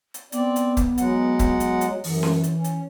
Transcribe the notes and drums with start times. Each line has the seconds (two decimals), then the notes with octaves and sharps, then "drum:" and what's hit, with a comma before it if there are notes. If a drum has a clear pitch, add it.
0.14 drum: hi-hat
0.32 B3 C4 D5, drum: hi-hat
0.56 drum: hi-hat
0.77 drum: kick C#1, hi-hat
0.98 F#3 G#3 F#5, drum: hi-hat
1.39 drum: kick C#1, hi-hat
1.60 drum: hi-hat
1.81 drum: hi-hat
2.04 F#2 E3, drum: open hi-hat
2.23 drum: snare C#4
2.44 drum: hi-hat
2.55 C#4
2.64 drum: hi-hat